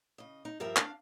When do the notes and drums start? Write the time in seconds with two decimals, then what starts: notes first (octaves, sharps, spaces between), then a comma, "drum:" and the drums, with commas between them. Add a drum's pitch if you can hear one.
0.18 C#3 D#5
0.45 D#4
0.60 G2 F3 G4 A#4 E5 A#5
0.77 D4 F5, drum: clap